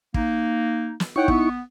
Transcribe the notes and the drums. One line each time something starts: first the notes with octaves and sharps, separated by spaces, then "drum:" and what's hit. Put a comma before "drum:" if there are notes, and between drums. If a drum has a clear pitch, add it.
A#3 D#4, drum: kick
drum: snare
D#4 E4 C#5 F#5 G5 C#6
B3, drum: kick